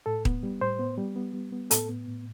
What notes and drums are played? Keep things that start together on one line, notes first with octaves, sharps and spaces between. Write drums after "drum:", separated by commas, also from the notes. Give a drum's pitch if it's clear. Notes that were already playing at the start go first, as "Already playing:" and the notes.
A2 A4
B3, drum: kick D#1
G3
A2 C5
B3
G3
B3
G3
B3
A2 A4, drum: hi-hat
B3
A2